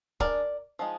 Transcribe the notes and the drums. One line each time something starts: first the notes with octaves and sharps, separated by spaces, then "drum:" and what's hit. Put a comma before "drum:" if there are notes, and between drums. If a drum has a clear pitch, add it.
G#3 D4 A#4 D5, drum: kick
F3 G#3 D#4